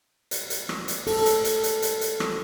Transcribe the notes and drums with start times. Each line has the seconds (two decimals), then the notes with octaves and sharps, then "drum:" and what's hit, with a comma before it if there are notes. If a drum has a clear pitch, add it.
0.31 drum: hi-hat
0.50 drum: hi-hat
0.69 drum: rim click
0.88 drum: hi-hat
1.07 A4, drum: open hi-hat
1.26 drum: hi-hat
1.45 drum: hi-hat
1.63 drum: hi-hat
1.82 drum: hi-hat
2.01 drum: hi-hat
2.20 drum: rim click